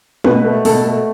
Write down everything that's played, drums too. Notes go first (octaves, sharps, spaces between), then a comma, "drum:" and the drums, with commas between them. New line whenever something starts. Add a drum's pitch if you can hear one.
B2 B4, drum: tom
A3
B2 A4, drum: open hi-hat
A3